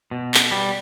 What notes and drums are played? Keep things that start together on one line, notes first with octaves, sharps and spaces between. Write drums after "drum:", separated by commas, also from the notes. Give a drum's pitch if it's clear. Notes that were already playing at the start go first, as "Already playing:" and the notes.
B2
drum: clap
G3